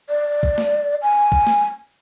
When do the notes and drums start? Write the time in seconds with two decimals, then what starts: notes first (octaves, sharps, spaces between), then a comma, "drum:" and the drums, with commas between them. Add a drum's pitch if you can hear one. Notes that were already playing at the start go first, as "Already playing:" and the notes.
0.09 D5
0.43 drum: kick A#1
0.58 drum: snare
1.02 G#5
1.32 drum: kick A#1
1.47 drum: snare